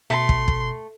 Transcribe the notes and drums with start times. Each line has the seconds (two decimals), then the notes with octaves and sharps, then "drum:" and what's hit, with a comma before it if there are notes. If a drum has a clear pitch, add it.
0.10 B2 A3 C6 B6
0.29 drum: kick
0.48 drum: kick